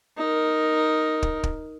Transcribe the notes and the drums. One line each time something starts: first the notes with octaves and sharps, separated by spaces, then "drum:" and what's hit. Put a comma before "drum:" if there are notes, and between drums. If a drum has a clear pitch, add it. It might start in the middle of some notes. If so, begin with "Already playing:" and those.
D#4 A#4
drum: kick
drum: kick